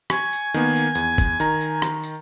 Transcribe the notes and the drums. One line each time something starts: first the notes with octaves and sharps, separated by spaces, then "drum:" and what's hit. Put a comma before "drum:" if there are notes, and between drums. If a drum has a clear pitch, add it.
G#5 C#6, drum: rim click
drum: tambourine
D#3 A#3 B3, drum: tambourine
drum: tambourine
E2, drum: tambourine
drum: kick, tambourine
D#3 A#5, drum: tambourine
drum: tambourine
drum: rim click
drum: tambourine